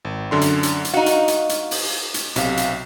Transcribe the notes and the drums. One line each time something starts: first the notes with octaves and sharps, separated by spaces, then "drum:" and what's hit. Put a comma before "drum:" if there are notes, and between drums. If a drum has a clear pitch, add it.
G#1
F#2 D3 C6
drum: hi-hat
drum: hi-hat
drum: hi-hat
D#4 F#4 F5
drum: hi-hat
drum: hi-hat
drum: hi-hat
drum: open hi-hat
drum: hi-hat
B1 C3 F5, drum: hi-hat
drum: hi-hat